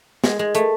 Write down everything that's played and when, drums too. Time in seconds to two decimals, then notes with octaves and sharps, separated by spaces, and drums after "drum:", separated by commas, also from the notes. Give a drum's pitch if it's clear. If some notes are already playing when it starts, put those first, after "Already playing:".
0.24 G#3, drum: snare
0.39 G#3
0.55 A3, drum: hi-hat